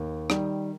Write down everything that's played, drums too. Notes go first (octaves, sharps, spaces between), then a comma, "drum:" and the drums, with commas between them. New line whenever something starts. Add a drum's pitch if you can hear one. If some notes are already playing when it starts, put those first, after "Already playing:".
Already playing: D#2
D#3 G3, drum: rim click